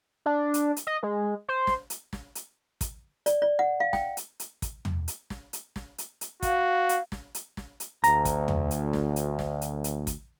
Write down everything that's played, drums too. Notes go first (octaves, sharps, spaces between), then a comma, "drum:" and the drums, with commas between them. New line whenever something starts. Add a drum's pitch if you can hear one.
D4
drum: hi-hat
drum: hi-hat
D#5
G#3
C5
drum: snare
drum: hi-hat
drum: snare
drum: hi-hat
drum: kick, hi-hat
D5, drum: hi-hat
D5
F#5
F5
G5, drum: snare
drum: hi-hat
drum: hi-hat
drum: kick, hi-hat
drum: tom
drum: hi-hat
drum: snare
drum: hi-hat
drum: snare
drum: hi-hat
drum: hi-hat
F#4 F5, drum: kick, hi-hat
drum: hi-hat
drum: snare
drum: hi-hat
drum: snare
drum: hi-hat
D2 A#5, drum: hi-hat
drum: kick, hi-hat
drum: tom
drum: hi-hat
drum: snare
drum: hi-hat
drum: snare
drum: hi-hat
drum: hi-hat
drum: kick, hi-hat